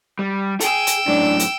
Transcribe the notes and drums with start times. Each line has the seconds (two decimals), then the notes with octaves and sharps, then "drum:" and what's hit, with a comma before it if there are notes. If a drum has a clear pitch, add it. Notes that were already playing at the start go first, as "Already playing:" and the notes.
0.19 G3
0.60 G#4 A4 G5 E6, drum: hi-hat
0.87 drum: hi-hat
1.08 F#2 A2 D4
1.39 drum: hi-hat